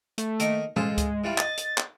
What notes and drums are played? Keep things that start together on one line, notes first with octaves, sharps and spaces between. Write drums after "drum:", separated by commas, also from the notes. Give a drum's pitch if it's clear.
A3, drum: hi-hat
D#3 A#3 D#4, drum: hi-hat
G#3 F4 A4 C5, drum: tom A#2
drum: kick C#2, hi-hat
E3 G3 F4
D#5 A6, drum: clap
drum: hi-hat
drum: clap